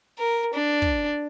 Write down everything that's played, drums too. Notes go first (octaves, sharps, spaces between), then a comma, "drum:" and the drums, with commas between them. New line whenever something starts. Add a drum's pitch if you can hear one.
A#4
D4
drum: kick